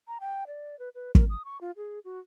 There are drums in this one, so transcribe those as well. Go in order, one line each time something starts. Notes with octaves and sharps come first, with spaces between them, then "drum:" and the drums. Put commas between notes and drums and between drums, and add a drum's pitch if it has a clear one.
A#5
G5
D5
B4
B4
A#4, drum: kick
D#6
C#6
F4
G#4
F#4